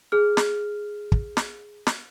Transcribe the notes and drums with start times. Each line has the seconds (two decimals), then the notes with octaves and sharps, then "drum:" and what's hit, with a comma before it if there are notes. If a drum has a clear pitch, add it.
0.12 G#4 F6
0.37 drum: snare
1.12 drum: kick
1.37 drum: snare
1.87 drum: snare